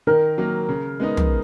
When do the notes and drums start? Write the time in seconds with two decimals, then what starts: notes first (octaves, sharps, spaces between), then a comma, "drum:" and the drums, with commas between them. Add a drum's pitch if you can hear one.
0.07 D#3 A#4
0.38 F#3 A#3
0.69 C#3
1.00 G#3 B3 D#4
1.17 drum: tom